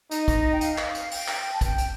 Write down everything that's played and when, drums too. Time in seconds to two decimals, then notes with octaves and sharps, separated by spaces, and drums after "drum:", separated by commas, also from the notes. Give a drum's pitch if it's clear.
0.11 D#4 D#5, drum: hi-hat
0.28 drum: kick, hi-hat
0.52 G5
0.61 F5, drum: hi-hat
0.78 drum: clap
0.95 drum: hi-hat
1.11 G5, drum: open hi-hat
1.28 drum: clap
1.52 A5
1.61 G5, drum: kick, hi-hat
1.78 drum: hi-hat